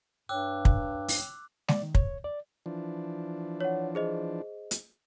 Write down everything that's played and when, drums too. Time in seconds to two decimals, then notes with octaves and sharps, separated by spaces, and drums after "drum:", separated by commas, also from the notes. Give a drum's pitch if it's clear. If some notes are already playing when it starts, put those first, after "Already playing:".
0.29 G2 C#5 G5 D6 E6 F#6
0.65 drum: kick
1.08 drum: open hi-hat
1.68 D5, drum: snare G#3
1.82 D#3
1.95 C#5, drum: kick
2.24 D5
2.66 E3 F3 D4
3.60 C#5 F#5
3.95 G#4 C5 D#5
4.71 drum: hi-hat